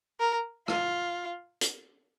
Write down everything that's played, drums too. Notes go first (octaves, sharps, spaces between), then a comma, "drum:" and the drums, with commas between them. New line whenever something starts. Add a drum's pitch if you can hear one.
A#4
F4, drum: rim click
drum: hi-hat